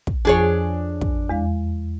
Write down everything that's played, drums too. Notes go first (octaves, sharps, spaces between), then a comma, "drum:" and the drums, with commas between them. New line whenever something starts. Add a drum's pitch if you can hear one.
drum: kick
F2 F3 D4 F4 G#4 C#5
drum: kick
E2 G#3 F5